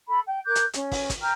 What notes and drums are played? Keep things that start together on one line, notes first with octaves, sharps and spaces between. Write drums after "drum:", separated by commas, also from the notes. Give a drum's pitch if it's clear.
A4 B5
G5
A#4 D6 F#6 G6
drum: hi-hat
C#4, drum: hi-hat
drum: kick, open hi-hat
drum: kick, hi-hat
G5 A#5 F6